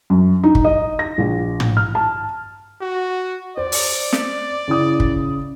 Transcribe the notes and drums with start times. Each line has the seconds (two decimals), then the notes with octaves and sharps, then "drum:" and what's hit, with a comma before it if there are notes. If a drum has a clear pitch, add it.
0.10 F#2
0.43 D#4
0.55 drum: kick
0.64 D#5
0.99 A#6
1.18 A#1
1.60 drum: tom
1.77 F6
1.95 A5
2.81 F#4
3.57 C5 D5
3.72 drum: open hi-hat
4.13 drum: snare
4.68 C#3 E4 D#6
5.00 drum: kick